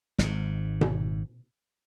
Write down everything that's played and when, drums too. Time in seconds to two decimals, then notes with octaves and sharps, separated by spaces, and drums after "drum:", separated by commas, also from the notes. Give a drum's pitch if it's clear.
0.18 G#1 G#2, drum: snare
0.81 drum: tom B2